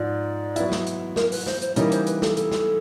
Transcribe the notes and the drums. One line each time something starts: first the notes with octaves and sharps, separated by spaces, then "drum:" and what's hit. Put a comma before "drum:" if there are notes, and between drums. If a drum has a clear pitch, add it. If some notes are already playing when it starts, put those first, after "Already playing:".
Already playing: G#2 F3 D5
F#3 B3 E4, drum: hi-hat
drum: snare
drum: hi-hat
A#4, drum: snare
B4, drum: open hi-hat
C5, drum: snare
C5, drum: hi-hat
C#3 E3 G3 A#3 D#4 C#5, drum: hi-hat
C5, drum: hi-hat
B4, drum: hi-hat
A4, drum: snare
A4, drum: hi-hat
drum: snare